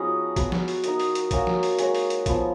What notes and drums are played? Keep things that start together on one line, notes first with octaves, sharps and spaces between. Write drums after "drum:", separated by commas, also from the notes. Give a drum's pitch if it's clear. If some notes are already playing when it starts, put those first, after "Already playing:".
Already playing: F3 B3 C#4 D#4 F#4 G#4 D#5
F#3 B3 F#4, drum: kick G#1, hi-hat
drum: snare
drum: open hi-hat
D#4 A#4 D#5, drum: hi-hat
drum: open hi-hat
drum: hi-hat
F#3 A#3 C#4 F#4, drum: kick G#1, hi-hat
drum: snare
drum: open hi-hat
G#3 C#4 F#4 C#5, drum: hi-hat
drum: open hi-hat
drum: hi-hat
F3 B3 F4, drum: kick G#1, hi-hat